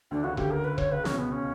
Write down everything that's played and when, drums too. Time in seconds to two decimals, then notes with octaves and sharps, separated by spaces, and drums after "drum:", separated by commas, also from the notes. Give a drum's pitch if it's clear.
0.11 D2 D3 D4
0.24 C#2 C#3 F#4
0.37 D2 D3 G4, drum: kick E1
0.51 A#4
0.64 B4
0.78 C#5, drum: kick E1
0.91 C#2 C#3 B4
1.05 C#4, drum: snare
1.11 B1 B2
1.18 B3
1.32 C#4